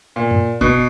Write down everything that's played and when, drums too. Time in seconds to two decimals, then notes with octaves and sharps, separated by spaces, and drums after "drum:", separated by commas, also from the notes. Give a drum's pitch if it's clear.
0.16 A#2
0.31 drum: tom F#2
0.61 B2, drum: kick F#1